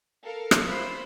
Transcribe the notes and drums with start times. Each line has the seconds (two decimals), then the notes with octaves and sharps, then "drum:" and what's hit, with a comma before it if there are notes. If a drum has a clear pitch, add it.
0.24 A4 A#4 F5
0.51 drum: rim click
0.68 F4 C5 E5 B5